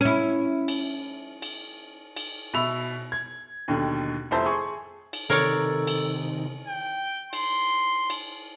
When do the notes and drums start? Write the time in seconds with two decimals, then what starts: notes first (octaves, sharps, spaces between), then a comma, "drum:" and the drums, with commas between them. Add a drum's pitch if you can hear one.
0.01 C#4 E4
0.68 drum: cymbal
1.42 drum: cymbal
2.17 drum: cymbal
2.54 B2 E5 B5 E6 F7
3.12 G#6
3.68 D#2 B2 D3 D#3
4.31 F1 F2 E4 C5 A5
4.46 G#4 C6 C#6
5.13 drum: cymbal
5.30 C3 D#3 A4 A#4 C#5 D5
5.87 drum: cymbal
6.67 G5
7.33 C6, drum: cymbal
8.10 drum: cymbal